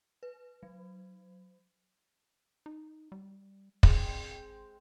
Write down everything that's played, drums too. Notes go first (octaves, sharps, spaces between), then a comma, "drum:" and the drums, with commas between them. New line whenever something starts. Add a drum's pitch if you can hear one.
B4
F#3
D#4
G3
G#1 G#3 C4 G5, drum: kick